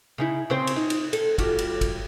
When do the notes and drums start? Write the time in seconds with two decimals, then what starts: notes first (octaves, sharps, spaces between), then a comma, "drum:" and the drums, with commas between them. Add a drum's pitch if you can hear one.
0.18 C#3 D#4 E4
0.50 C#3 C4 C5
0.67 drum: cymbal
0.76 D#4
0.90 drum: cymbal
1.13 A4, drum: cymbal
1.38 G3 F4 F#4, drum: kick G1, cymbal
1.58 drum: cymbal
1.81 drum: kick G1, cymbal